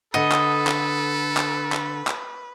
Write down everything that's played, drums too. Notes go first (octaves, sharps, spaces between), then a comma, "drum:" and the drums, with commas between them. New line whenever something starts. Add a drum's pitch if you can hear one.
D3 A4 B4 D#5 F#5
drum: clap
drum: clap
drum: clap
drum: clap
drum: clap